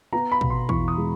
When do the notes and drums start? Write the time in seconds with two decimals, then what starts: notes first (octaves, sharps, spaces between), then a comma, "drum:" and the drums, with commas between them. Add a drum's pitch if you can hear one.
0.13 B3 A#5
0.32 B5
0.41 B2, drum: kick
0.50 C6
0.69 E2 C#6, drum: kick
0.88 D#6
0.98 G#3